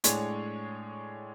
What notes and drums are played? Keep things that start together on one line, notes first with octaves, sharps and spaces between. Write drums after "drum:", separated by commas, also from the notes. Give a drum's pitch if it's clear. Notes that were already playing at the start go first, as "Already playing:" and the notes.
A2 G#3 D4 G#4 C#5, drum: hi-hat